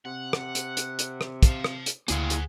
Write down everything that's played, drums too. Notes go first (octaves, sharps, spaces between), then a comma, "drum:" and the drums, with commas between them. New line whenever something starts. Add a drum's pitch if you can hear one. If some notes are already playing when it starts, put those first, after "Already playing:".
C3 F#5
drum: rim click
drum: hi-hat
drum: hi-hat
drum: hi-hat
drum: rim click
F5 A5, drum: kick, hi-hat
drum: rim click
drum: hi-hat
D2 A#3 E4 G#4 F5 F#5 G#5, drum: hi-hat
drum: hi-hat